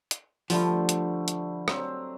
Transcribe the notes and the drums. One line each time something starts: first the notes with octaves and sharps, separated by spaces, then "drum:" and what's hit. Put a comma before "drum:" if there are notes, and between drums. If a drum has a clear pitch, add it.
drum: hi-hat
D3 F3 G3 A3, drum: open hi-hat
drum: hi-hat
drum: hi-hat
F#3 C4, drum: rim click